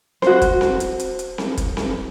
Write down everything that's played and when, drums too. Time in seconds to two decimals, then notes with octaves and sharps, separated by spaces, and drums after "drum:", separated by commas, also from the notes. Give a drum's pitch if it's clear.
0.22 F#4 C5, drum: snare C4
0.42 drum: kick, hi-hat
0.61 drum: snare C4
0.80 drum: hi-hat
1.00 drum: hi-hat
1.19 drum: hi-hat
1.38 drum: snare C4
1.57 drum: kick, hi-hat
1.77 drum: snare C4